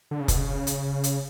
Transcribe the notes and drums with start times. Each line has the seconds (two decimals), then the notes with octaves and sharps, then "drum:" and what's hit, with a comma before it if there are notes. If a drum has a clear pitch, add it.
0.11 D3
0.20 C#3
0.28 B2, drum: kick F1, hi-hat
0.37 C#3
0.67 drum: hi-hat
1.04 drum: hi-hat